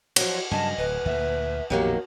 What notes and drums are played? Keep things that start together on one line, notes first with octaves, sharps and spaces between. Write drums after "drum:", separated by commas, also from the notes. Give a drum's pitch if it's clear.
F3 F#3, drum: cymbal
G2 C#3 F#3 D#5 G#5 A5
D1 B4
D2 A#2 E5
A#1 F2 B2 D#3 F#3 A#3 G4